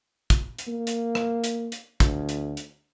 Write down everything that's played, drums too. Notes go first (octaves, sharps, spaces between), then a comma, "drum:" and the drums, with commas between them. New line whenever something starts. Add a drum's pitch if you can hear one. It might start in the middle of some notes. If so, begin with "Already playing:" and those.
drum: kick, hi-hat
drum: hi-hat
A#3
drum: hi-hat
drum: rim click
drum: hi-hat
drum: hi-hat
D2, drum: kick, hi-hat
drum: hi-hat
drum: hi-hat